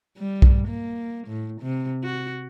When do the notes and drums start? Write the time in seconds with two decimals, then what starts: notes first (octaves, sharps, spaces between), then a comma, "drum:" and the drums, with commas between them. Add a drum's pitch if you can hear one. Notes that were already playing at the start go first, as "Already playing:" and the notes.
0.17 G3
0.42 drum: kick B1
0.67 A#3
1.27 A2
1.61 C3
2.04 F#4